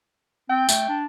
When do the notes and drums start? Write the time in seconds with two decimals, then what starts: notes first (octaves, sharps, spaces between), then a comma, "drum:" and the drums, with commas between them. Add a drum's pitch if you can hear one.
0.50 C4 G5
0.69 A3, drum: tambourine
0.89 D4